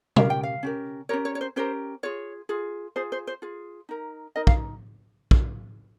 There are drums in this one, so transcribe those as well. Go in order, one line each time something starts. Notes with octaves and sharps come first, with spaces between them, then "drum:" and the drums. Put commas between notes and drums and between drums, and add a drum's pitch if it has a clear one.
C#4 G4 A#4 F5, drum: tom B2
G5
F5
C#4 G4 A#4
C#4 G4 A#4 C#5
C#5
C#5
C5
C#4 G4 A#4 C5
F4 G#4 C#5
F4 G#4
F4 G#4 C5
C5
C5
F4 G#4
D#4 A#4
D#4 A#4 D#5
F5, drum: kick
drum: kick